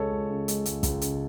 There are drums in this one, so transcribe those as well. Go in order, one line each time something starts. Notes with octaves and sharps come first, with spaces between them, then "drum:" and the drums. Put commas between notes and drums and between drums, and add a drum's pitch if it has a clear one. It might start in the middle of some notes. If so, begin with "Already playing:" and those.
Already playing: C#2 G#3 A4 C#5
C#2
C#3
G#3, drum: hi-hat
C#2, drum: hi-hat
C#2, drum: kick, hi-hat
C#3, drum: hi-hat